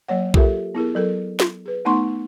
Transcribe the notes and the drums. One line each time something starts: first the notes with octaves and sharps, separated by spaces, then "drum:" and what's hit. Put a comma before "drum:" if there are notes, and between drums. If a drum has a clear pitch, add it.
F#3 A#3 C#5 F#5
F4 G4 A4 A#4 E5, drum: kick B1
B3 E4 G#4 A#4
F#3 A4 A#4
drum: snare
G#4 B4
A3 B3 D#4 F#5 C6 C#6